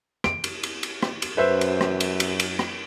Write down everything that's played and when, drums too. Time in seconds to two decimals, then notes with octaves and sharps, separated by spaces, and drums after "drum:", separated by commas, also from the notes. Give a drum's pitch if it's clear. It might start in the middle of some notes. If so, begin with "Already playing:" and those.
0.24 D7, drum: rim click
0.44 drum: cymbal
0.63 drum: cymbal
0.83 drum: cymbal
1.03 drum: rim click
1.22 drum: cymbal
1.37 F#2 B4 C5 E5
1.61 drum: cymbal
1.81 drum: rim click
2.00 drum: cymbal
2.20 drum: cymbal
2.40 drum: cymbal
2.59 drum: rim click